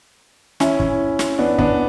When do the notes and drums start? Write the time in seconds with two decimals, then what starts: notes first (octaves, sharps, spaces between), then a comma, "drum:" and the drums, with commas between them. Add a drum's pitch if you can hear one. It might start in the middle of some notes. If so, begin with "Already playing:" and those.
0.60 C#4 E4, drum: snare
0.80 drum: kick
1.19 drum: snare
1.38 B3 D4
1.58 B3 D4, drum: kick